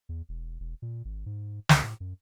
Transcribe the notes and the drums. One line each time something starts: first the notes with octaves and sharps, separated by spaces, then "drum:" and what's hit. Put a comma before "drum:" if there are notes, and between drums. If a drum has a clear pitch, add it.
E2
E1
E1
A#2
G#1
G#2
C#2, drum: snare
A2
F#2